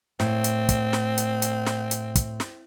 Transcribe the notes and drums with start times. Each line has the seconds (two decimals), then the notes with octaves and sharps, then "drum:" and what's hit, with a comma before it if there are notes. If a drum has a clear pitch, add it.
0.20 A2 C4, drum: snare
0.44 drum: hi-hat
0.69 drum: kick, hi-hat
0.93 drum: snare
1.18 drum: hi-hat
1.42 drum: hi-hat
1.67 drum: snare
1.91 drum: hi-hat
2.15 drum: kick, hi-hat
2.40 drum: snare